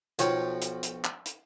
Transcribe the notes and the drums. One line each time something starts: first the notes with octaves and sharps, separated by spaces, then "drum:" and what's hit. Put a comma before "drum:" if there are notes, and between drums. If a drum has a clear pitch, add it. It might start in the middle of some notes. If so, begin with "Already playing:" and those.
B1 F3 C#5 G5 A5, drum: hi-hat
drum: hi-hat
drum: hi-hat
drum: clap
drum: hi-hat